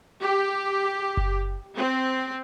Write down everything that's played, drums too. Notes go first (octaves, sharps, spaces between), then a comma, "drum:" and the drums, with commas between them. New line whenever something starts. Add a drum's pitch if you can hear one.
G4
drum: kick F#1
C4